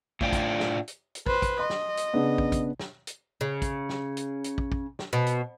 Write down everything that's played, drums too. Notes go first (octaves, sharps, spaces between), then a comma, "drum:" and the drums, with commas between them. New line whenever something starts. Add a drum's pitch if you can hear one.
A2 A3 D4 F4 C5 G5, drum: kick
drum: kick, hi-hat
drum: snare
drum: hi-hat
drum: hi-hat
B4 C5, drum: kick
drum: kick, hi-hat
D#5 C6
drum: snare
drum: hi-hat
C#3 B3 D4
drum: kick
drum: kick, hi-hat
drum: snare
drum: hi-hat
C#3
drum: kick, hi-hat
drum: snare
drum: hi-hat
drum: hi-hat
drum: kick
drum: kick
drum: snare
B2
drum: hi-hat